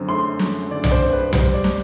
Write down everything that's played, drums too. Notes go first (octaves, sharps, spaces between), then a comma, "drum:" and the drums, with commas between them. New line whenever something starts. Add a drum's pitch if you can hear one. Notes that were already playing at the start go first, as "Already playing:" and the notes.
Already playing: F#2 D3 C4
A3 C6
F#2, drum: snare
D3 D5
D5, drum: tom B1
C5
C4
B4
G3 C5, drum: tom B1
D5
drum: snare